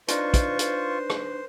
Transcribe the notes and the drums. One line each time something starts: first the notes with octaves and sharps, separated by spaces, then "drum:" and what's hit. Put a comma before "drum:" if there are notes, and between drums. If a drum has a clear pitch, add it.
D4 D#4 F4 B4 C5 C#6, drum: hi-hat
drum: kick, hi-hat
drum: hi-hat
drum: rim click